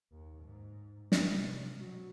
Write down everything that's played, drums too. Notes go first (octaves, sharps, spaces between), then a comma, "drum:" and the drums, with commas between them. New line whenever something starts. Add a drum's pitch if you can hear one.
D#2
G#2
drum: snare
C3
B2 F#3